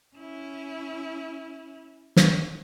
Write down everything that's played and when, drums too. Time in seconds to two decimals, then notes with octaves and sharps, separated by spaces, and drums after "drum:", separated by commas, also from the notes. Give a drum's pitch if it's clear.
0.16 C#4 E4
2.16 drum: snare